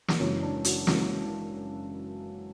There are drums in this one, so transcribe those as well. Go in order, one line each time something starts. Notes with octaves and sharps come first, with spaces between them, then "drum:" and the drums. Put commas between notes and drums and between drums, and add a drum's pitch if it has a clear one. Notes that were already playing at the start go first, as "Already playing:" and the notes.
drum: snare
F#1 F#2 C#3 E3 G#3 C#4
D4
F#3 F#4, drum: hi-hat
F#1 F#2 C#3 E3 G#3, drum: snare